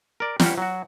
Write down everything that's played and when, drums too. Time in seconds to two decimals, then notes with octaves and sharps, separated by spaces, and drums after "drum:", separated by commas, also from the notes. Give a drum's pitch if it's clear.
0.20 A#4 D5
0.40 G3 C#4 G4 F5 F#5, drum: snare
0.58 F#3 F#4